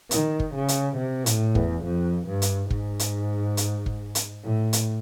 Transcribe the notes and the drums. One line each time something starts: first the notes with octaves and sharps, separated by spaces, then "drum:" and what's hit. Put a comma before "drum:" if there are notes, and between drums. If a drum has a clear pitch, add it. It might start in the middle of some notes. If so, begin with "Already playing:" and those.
D#3, drum: hi-hat
drum: kick
C#3
drum: hi-hat
C3
A2, drum: hi-hat
E2, drum: kick
F2
G2
drum: hi-hat
G#2, drum: kick
drum: hi-hat
drum: hi-hat
drum: kick
drum: hi-hat
A2
drum: hi-hat